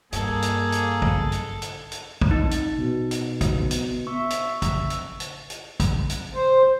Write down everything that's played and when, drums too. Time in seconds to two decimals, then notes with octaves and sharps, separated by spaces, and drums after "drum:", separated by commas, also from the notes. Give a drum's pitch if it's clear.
0.13 G2 A#3 G#4 A4, drum: hi-hat
0.42 drum: hi-hat
0.72 drum: hi-hat
1.02 drum: kick
1.32 drum: hi-hat
1.62 drum: hi-hat
1.92 drum: hi-hat
2.21 drum: kick
2.31 D#4
2.51 drum: hi-hat
2.78 B2
3.11 drum: hi-hat
3.41 drum: kick, hi-hat
3.71 drum: hi-hat
4.07 E5 C#6
4.30 drum: hi-hat
4.62 E5, drum: kick, hi-hat
4.90 drum: hi-hat
5.20 drum: hi-hat
5.50 drum: hi-hat
5.80 drum: kick, hi-hat
6.10 drum: hi-hat
6.34 C5